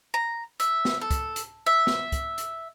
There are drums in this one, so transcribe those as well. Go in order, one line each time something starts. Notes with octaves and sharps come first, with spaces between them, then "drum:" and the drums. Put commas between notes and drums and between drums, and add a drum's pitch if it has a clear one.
A#5
E5, drum: hi-hat
drum: snare
A4
drum: kick, hi-hat
drum: hi-hat
E5
drum: snare
drum: kick, hi-hat
drum: hi-hat